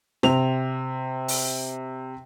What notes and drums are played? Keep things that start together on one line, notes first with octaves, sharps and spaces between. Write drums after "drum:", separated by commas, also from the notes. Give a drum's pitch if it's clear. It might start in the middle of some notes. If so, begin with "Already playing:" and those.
C3 F7, drum: snare
drum: open hi-hat